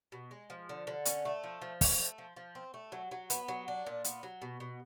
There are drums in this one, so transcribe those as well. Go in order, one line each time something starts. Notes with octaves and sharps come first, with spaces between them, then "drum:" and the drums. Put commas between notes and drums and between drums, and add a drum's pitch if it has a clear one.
B2
G#3
F3
D3
D3
C#4, drum: hi-hat
A3
F3
F3
C#4, drum: kick, open hi-hat
A3
F3
F3
C4
A3
F#3
F#3
B3, drum: hi-hat
F#3
D4
A#2
B3, drum: hi-hat
F#3
B2
B2